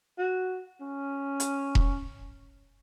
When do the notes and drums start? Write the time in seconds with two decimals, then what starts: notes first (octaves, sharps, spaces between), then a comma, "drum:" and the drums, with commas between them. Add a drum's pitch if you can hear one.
0.18 F#4
0.80 C#4
1.40 drum: hi-hat
1.75 drum: kick E1